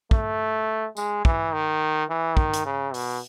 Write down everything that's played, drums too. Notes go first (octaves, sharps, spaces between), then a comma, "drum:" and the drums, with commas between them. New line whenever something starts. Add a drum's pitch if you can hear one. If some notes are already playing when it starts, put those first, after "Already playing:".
A3, drum: kick
G#3, drum: tambourine
E3, drum: kick
D#3
E3
D#3, drum: kick
drum: hi-hat
C#3
B2, drum: open hi-hat